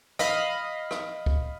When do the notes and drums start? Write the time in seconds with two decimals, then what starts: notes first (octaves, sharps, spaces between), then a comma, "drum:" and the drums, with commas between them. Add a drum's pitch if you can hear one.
0.19 D#5 F5 B5, drum: rim click
0.91 drum: rim click
1.26 drum: kick